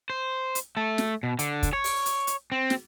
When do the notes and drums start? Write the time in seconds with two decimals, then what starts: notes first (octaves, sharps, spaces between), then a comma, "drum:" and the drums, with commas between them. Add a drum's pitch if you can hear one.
0.10 C5
0.55 drum: hi-hat
0.77 A3 A4
0.98 drum: snare
1.23 B2
1.39 D3, drum: hi-hat
1.63 drum: kick, hi-hat
1.73 C#5
1.84 drum: open hi-hat
2.06 drum: hi-hat
2.27 drum: hi-hat
2.52 C4
2.70 drum: snare